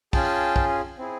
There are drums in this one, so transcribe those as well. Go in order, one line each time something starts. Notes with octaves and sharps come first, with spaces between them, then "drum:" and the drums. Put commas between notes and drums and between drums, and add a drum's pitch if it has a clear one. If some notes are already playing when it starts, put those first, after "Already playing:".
C#4 F4 G#4 G5 A5, drum: kick, open hi-hat
drum: kick
C4 E4 G#4